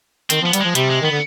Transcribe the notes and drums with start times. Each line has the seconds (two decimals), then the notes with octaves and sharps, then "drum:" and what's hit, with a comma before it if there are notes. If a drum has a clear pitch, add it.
0.30 D#3 C4, drum: hi-hat
0.41 F3
0.46 B3
0.53 G3, drum: hi-hat
0.61 F3 G#3
0.75 C3 G3, drum: hi-hat
0.90 G#3
1.02 D#3 B3
1.11 D3